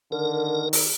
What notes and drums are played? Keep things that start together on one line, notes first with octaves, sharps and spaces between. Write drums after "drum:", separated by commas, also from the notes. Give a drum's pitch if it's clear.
D3 D#3 A#4
drum: open hi-hat